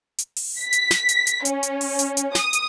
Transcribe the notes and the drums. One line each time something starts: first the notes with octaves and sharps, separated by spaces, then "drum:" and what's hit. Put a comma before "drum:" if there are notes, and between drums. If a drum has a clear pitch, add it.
drum: hi-hat
drum: open hi-hat
B6
drum: hi-hat
drum: snare
drum: hi-hat
drum: hi-hat
C#4, drum: hi-hat
drum: hi-hat
drum: open hi-hat
drum: hi-hat
drum: hi-hat
D#6, drum: snare
drum: hi-hat